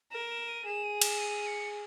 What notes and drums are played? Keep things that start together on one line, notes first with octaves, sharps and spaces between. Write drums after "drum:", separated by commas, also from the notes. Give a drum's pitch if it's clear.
A#4 E7
E7
D#7
G#4 E7
D#7
E7, drum: cymbal
D#7
C#7